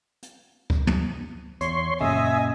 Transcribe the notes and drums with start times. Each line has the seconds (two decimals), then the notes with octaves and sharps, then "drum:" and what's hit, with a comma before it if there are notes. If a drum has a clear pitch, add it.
0.22 drum: hi-hat
0.70 drum: kick C#2
0.87 drum: tom
1.61 E2 C#5 C6, drum: hi-hat
2.01 F#2 A#2 C#3 D#5 E5 G#5